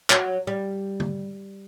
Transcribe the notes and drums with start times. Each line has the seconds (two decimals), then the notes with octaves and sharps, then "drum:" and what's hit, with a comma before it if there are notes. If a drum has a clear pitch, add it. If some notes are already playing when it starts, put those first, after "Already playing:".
0.10 F#3, drum: clap
0.47 G3
1.00 drum: tom